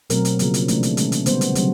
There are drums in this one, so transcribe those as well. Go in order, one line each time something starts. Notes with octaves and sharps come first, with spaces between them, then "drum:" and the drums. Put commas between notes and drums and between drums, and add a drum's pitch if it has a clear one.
B2 F#3 A3 C4 A#4, drum: hi-hat
drum: hi-hat
C#3 F3 A#3, drum: hi-hat
drum: hi-hat
C3 E3 A3 D4, drum: hi-hat
drum: hi-hat
D#3 G#3 C#4, drum: hi-hat
drum: hi-hat
D3 G3 B3 C5, drum: hi-hat
drum: hi-hat
C#3 F#3 A3 C4, drum: hi-hat